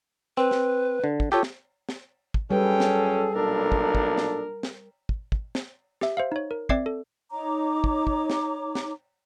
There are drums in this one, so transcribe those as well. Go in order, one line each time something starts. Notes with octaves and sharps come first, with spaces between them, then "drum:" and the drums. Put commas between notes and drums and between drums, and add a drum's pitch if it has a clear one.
C4 B4
drum: snare
D3
drum: kick
F4 G4 A4 C#5
drum: snare
drum: snare
drum: kick
F#2 G3 C#4 G#4 A4 B4 G5
drum: snare
B1 A#2 D4 A#4
drum: kick
drum: kick
drum: snare
drum: snare
drum: kick
drum: kick
drum: snare
G4 E5, drum: snare
C5 E5 F5
D#4 C#5
A#4
C4 D5 E5 D6 G#6 C7, drum: kick
A4
D#4 C#5 A#5 D6
drum: kick
drum: kick
drum: snare
drum: snare